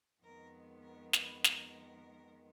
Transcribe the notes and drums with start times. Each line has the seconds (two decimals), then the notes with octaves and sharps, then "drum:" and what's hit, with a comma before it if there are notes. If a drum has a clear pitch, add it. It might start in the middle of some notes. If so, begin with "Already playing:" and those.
0.23 F2 D#3 G#3 B3 A#4
0.83 A#4
1.13 B4, drum: snare
1.44 A#4, drum: snare